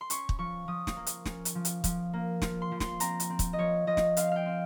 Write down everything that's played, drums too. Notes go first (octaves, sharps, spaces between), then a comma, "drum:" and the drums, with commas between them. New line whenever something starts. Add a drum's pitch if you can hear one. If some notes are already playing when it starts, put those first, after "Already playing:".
C6
C#4 C#6, drum: hi-hat
drum: kick
F3 C#6
F3 D#6
drum: snare
A#3
drum: hi-hat
C#4, drum: snare
drum: hi-hat
F3
drum: hi-hat
F3, drum: kick, hi-hat
A#3
F3, drum: snare
C6
F3
C6, drum: snare
C4 A#5, drum: hi-hat
drum: hi-hat
C4
drum: kick, hi-hat
D#5
F3 C#5
F3 D#5
drum: snare
C4 F5, drum: hi-hat
F5 G5
C4